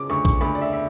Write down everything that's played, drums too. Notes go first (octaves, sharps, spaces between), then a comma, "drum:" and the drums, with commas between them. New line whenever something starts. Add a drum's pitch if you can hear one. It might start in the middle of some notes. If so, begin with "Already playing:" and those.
Already playing: C#3 D6
D2 C#6
C#6, drum: kick
D2 B5
D5
E5
E5